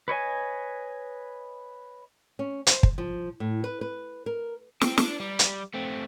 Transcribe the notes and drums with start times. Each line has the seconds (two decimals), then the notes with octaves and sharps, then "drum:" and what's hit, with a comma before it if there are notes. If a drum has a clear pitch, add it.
0.08 B4 C#5 D#5 G#5
2.39 C#4
2.67 C5, drum: hi-hat
2.83 drum: kick
2.98 F3
3.40 A2
3.64 B4
3.81 B4
4.26 A#4
4.81 C4, drum: snare
4.98 D4, drum: snare
5.20 G3
5.39 drum: hi-hat
5.74 A3 C4